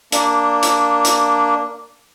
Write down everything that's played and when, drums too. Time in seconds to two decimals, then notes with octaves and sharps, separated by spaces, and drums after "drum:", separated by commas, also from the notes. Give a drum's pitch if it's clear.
0.12 A#3 D4, drum: hi-hat
0.63 drum: hi-hat
1.05 drum: hi-hat